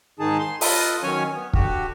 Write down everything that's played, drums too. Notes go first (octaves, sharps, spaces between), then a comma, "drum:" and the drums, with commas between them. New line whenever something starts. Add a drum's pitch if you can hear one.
G#2 D#3 D#4 G#4 A5
C6
F4 A4 B4 D#5 D#6, drum: open hi-hat
D#3 F#3 C#4 C#5 G#5
B3
D3 F#4 G4, drum: kick